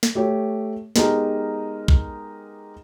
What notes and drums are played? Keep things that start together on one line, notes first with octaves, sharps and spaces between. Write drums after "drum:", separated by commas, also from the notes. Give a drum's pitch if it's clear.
drum: snare
A3 G4 C#5
G#3 B3 D#4 G4 A#4, drum: snare
drum: kick A#1